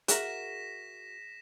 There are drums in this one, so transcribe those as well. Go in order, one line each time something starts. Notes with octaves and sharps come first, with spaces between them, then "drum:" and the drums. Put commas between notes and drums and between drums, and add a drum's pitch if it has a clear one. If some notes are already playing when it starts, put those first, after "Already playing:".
F#4 G#4 A#4 E5 A#6 B6 E7, drum: hi-hat